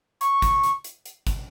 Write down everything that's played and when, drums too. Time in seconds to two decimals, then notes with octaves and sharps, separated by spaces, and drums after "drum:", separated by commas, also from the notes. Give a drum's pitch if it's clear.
0.21 C#6, drum: hi-hat
0.42 drum: kick, hi-hat
0.63 drum: hi-hat
0.84 drum: hi-hat
1.06 drum: hi-hat
1.27 drum: kick, hi-hat